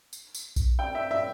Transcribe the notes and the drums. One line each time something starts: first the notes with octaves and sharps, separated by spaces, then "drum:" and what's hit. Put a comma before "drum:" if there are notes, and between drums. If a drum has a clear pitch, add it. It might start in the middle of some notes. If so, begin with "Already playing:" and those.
drum: tambourine
drum: tambourine
drum: kick A#1, tambourine
G5
E5
E5